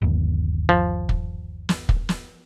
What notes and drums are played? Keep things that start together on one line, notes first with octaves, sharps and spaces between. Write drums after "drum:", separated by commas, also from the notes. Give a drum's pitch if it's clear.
G1 D#2
F3
drum: kick
drum: snare
drum: kick
drum: snare